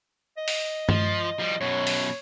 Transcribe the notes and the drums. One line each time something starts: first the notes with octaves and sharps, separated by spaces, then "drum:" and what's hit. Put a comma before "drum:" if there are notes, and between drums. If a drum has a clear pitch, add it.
D#5
drum: open hi-hat
F3, drum: tom G2
F3 G3
F#2 B2 C#5
drum: open hi-hat